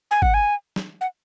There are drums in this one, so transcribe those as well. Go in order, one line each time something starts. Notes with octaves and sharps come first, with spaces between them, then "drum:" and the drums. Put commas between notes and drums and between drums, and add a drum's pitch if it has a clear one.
G#5
F#5, drum: kick G1
G#5
drum: snare
F#5